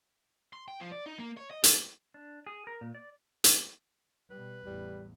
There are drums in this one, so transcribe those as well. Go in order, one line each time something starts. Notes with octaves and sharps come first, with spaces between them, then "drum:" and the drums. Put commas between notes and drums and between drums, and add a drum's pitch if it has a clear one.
C6
G5
F3
D5
D#4
A#3
C#5
D#5
A4, drum: hi-hat
D4
G#4
A#4
A#2
D5
drum: hi-hat
B2 G3 B4
A1 E2 G3